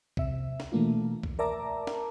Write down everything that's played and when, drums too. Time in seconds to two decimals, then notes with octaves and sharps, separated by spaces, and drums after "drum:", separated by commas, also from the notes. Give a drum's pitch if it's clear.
0.17 C3 E5, drum: kick C2
0.60 drum: snare
0.72 B2 E3 A3 A#3 D4 F4
1.24 drum: kick C2
1.39 A#4 D5 E5 A5 A#5 D6
1.87 drum: snare